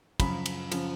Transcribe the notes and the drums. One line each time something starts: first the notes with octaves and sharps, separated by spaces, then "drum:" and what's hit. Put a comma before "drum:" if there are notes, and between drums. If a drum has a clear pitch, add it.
F#2 C#3 F3 B5, drum: kick, cymbal
drum: cymbal
C#3 F3, drum: cymbal